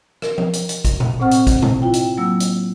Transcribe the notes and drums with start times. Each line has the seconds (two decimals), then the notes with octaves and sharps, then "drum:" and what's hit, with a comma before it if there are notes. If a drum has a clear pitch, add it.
0.22 A#4, drum: rim click
0.38 drum: tom F3
0.53 drum: hi-hat
0.69 drum: hi-hat
0.85 drum: kick, hi-hat
1.00 drum: tom A#2
1.20 A2 C4 C5 F#5 C#6 F6
1.31 drum: hi-hat
1.47 drum: kick, hi-hat
1.62 drum: tom A#2
1.82 E4 F4 G5
1.93 drum: hi-hat
2.18 F#3 A#3 E6
2.40 drum: hi-hat